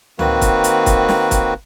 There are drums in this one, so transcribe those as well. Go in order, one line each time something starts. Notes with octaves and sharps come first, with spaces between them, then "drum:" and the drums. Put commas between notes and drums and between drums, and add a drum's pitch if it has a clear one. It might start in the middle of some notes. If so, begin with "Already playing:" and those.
D#3 A#3 C4 F#4 B4, drum: tom C#2
drum: kick, hi-hat
drum: hi-hat
drum: kick, hi-hat
drum: snare
drum: kick, hi-hat